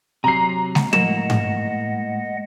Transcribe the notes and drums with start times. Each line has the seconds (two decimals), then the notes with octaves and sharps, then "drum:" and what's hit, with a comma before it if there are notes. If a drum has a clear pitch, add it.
0.24 C3 F#3 A#5 C7
0.75 drum: snare G#3
0.93 A2 G#3 A#3 D#5 F#5 E7, drum: tom
1.30 drum: tom G#2